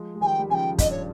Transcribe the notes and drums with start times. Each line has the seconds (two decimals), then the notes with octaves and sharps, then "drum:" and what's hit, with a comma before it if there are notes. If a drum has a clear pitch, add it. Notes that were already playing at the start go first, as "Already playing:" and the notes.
Already playing: F3 G#3
0.15 G#3
0.21 D#3 G3 G5 G#5
0.39 G3
0.50 C#3 F3 G5 G#5
0.78 G2 D#5, drum: kick, hi-hat
0.90 C#5